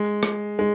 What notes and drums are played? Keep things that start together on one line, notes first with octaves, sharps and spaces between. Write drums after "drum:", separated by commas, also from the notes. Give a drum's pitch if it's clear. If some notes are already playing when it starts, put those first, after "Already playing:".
Already playing: G#3
drum: rim click
G#3